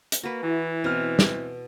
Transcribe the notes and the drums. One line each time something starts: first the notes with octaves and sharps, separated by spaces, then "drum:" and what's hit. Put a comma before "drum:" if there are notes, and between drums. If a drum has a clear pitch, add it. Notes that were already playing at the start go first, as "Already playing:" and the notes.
drum: hi-hat
A#3 F#4 B4
E3 E4 E5
B2 C4 F6
drum: snare